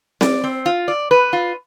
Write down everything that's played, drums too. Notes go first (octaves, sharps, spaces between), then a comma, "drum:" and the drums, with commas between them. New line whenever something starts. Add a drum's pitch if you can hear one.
D5, drum: snare C4
C4
F4
D5
B4
F4